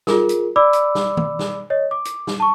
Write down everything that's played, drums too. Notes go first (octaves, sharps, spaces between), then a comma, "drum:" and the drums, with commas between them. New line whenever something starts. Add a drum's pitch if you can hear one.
F4 G#4 A#4, drum: snare
drum: hi-hat
D5 B5 D6 E6
drum: hi-hat
drum: snare
drum: tom D#3
drum: snare
C#5 D#5
D6
drum: hi-hat
drum: snare
A5 C#6